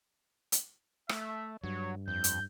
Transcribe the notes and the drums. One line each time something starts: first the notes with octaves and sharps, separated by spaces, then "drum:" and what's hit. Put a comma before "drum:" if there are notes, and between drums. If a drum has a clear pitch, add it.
drum: hi-hat
A3 E5, drum: rim click
G2 F#3 C#5
F2 G6
drum: hi-hat